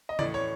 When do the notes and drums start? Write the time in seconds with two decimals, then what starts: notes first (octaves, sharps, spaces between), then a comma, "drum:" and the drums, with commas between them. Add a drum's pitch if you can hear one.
0.09 D#5
0.19 A2 E3 D5, drum: tom C#3
0.34 C#5